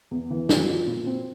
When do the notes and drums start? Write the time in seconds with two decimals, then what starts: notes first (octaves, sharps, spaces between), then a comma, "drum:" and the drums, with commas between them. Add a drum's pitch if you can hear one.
0.11 E2
0.31 E3
0.49 F#2, drum: snare
0.68 F3
0.87 A#2
1.06 C4